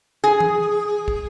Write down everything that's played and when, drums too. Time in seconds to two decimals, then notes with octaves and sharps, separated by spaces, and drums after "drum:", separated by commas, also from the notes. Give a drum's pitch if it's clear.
0.24 G#4
0.40 drum: tom E3
1.08 drum: kick